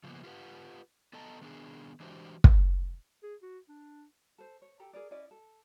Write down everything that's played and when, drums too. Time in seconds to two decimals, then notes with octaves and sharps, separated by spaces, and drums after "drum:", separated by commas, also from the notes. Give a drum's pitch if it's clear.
0.04 C#3 F3 G3 A#3 B3
0.24 F4 G4 B4 F#5
1.13 B3 A4 D#5 G5 A5 A#5
1.41 D#3 B3 D4 G#4
2.00 E3 G#3 D4 F#4 G4 C5
2.44 drum: kick
3.23 G#4
3.42 F#4
3.69 D4
4.38 A4 C5
4.62 C#5
4.80 G4 A4 A#5
4.93 G#4 A#4 D5
5.11 C#4 E4 D5 D#5
5.31 A4